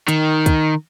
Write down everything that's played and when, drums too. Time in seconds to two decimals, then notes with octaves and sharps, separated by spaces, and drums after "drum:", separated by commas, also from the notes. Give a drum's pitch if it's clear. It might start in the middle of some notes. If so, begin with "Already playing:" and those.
0.08 D#3, drum: hi-hat
0.46 drum: kick, hi-hat